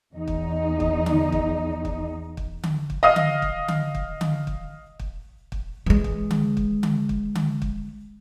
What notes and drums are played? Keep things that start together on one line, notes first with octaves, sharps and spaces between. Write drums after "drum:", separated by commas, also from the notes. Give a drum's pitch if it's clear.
E2 D#4
drum: kick
drum: kick
drum: tom D3
drum: kick
drum: kick
drum: kick
drum: tom D3
drum: kick
D#5 F5 D#6
drum: tom D3
drum: kick
drum: tom D3
drum: kick
drum: tom D3
drum: kick
drum: kick
drum: kick
E3 G#3
drum: kick
drum: tom D3
drum: kick
drum: tom D3
drum: kick
drum: tom D3
drum: kick